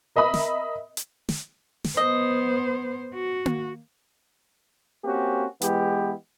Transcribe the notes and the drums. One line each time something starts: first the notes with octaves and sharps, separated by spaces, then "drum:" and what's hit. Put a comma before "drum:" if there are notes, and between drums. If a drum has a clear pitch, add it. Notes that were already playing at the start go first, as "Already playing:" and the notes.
A#4 D#5 E5 B5 D#6
drum: snare
drum: hi-hat
drum: snare
drum: snare
B3 C5 D#5
F#4
drum: tom A#3
A#3 C4 C#4 F#4 G4
E3 G#3 B3 E4 G4, drum: hi-hat